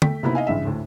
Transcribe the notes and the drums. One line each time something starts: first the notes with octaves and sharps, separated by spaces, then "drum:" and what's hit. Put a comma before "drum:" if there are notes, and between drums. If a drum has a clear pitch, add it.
A3 G5 B6, drum: tom
C3 A#3 B3 D#4 E4
D#5 F5 G#5
A1 G2 C#3 E5
D2 A2